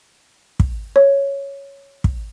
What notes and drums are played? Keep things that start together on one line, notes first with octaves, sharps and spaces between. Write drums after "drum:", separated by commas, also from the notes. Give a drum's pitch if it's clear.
drum: kick
C#5
drum: kick